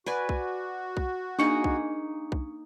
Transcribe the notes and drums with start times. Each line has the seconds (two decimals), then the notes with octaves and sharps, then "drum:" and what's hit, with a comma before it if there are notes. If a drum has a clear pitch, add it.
0.06 F#4 B4 D5 G#5
0.29 drum: kick B1
0.97 drum: kick B1
1.39 A#3 D4 D#4 G#4 C#6 C#7
1.64 drum: kick B1
2.32 drum: kick B1